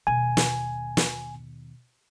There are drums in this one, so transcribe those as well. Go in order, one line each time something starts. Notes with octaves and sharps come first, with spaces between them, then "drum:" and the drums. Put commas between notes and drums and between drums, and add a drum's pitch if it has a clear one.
D#2 B2 G#5
drum: snare
drum: snare